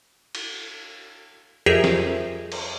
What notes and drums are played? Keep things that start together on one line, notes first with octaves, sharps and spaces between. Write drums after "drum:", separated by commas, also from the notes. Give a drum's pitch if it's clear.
drum: cymbal
F2 G4 G#4 A#4 E5 C7
drum: snare
drum: cymbal